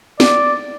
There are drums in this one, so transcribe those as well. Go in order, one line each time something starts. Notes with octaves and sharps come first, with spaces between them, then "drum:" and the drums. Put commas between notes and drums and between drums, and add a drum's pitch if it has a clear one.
D5, drum: snare